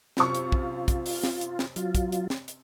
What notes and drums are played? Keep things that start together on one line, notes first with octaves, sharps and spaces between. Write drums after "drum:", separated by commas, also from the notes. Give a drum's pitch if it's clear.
F#2 C3 F4 C#6, drum: snare
drum: hi-hat
drum: kick
drum: kick, hi-hat
drum: open hi-hat
drum: snare
drum: hi-hat
drum: snare
F#3 F4, drum: hi-hat
drum: kick, hi-hat
drum: hi-hat
drum: snare
drum: hi-hat